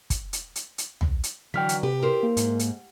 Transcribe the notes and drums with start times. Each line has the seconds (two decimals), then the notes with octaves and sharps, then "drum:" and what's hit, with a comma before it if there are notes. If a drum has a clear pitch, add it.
0.10 drum: kick, hi-hat
0.33 drum: hi-hat
0.56 drum: hi-hat
0.78 drum: hi-hat
1.01 drum: tom
1.23 drum: hi-hat
1.54 D3 E3 F#3 G5 F6 B6
1.69 drum: hi-hat
1.83 C3 G4 B4
2.02 E4 A#4 C5
2.23 A#3
2.37 G#2, drum: hi-hat
2.59 drum: hi-hat